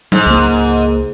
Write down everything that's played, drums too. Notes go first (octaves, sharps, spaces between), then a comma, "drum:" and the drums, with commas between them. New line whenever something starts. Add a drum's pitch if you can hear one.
G#2, drum: tom F#3
C#2 A#3